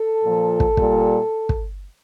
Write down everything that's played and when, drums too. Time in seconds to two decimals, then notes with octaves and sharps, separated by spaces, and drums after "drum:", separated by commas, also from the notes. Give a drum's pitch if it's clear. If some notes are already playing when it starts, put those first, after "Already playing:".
Already playing: A4
0.24 A#2 F3
0.60 drum: kick
0.77 A#2 G3, drum: kick
1.49 drum: kick